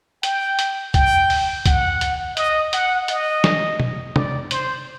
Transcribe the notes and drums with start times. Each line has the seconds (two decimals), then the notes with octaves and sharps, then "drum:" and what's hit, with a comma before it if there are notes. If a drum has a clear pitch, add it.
0.23 G5, drum: hi-hat
0.59 drum: hi-hat
0.94 G5, drum: kick C2, hi-hat
1.30 drum: open hi-hat
1.66 F#5, drum: kick C2, hi-hat
2.01 drum: hi-hat
2.37 D#5, drum: hi-hat
2.73 F#5, drum: hi-hat
3.08 D#5, drum: hi-hat
3.44 drum: snare
3.80 drum: tom
4.16 D5, drum: tom
4.51 C5, drum: hi-hat